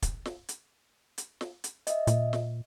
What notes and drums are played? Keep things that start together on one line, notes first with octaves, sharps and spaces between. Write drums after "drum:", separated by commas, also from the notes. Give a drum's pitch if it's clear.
drum: kick, hi-hat
drum: snare
drum: hi-hat
drum: hi-hat
drum: snare
drum: hi-hat
D#5 E5, drum: hi-hat
A#2, drum: hi-hat
drum: snare